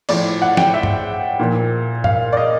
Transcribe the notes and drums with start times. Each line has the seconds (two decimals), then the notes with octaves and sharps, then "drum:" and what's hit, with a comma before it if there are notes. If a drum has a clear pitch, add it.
0.09 A2 F3 D5, drum: cymbal
0.42 F#5
0.57 G5, drum: snare
0.74 E5
0.83 drum: tom G2
1.39 A#2 F3
2.04 F5, drum: tom G2
2.33 D5
2.37 D#5